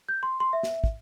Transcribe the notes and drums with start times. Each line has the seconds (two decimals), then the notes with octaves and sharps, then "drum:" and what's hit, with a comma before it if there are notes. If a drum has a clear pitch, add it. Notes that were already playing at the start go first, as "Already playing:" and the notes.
0.09 G6
0.23 C6
0.40 C6
0.53 E5
0.63 drum: snare
0.84 drum: kick